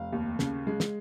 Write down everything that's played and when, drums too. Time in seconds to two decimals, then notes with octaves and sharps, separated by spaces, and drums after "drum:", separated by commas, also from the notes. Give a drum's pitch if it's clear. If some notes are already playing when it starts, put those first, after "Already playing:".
Already playing: F1 F5
0.12 D#2
0.39 C#3, drum: snare
0.67 G#3
0.80 drum: snare